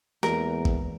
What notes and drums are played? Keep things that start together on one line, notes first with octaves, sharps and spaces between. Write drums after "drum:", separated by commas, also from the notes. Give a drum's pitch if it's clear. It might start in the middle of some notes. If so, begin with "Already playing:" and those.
E2 E3 G#3 A#3 A#4, drum: snare
drum: kick G#1